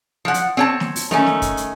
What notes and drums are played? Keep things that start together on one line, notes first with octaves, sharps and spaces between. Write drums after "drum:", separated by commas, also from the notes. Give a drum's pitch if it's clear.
F3 F#5
drum: hi-hat
C4 C#5 A5
drum: snare
drum: open hi-hat
D#3 A3 C#4, drum: snare
drum: snare
drum: kick, hi-hat
drum: hi-hat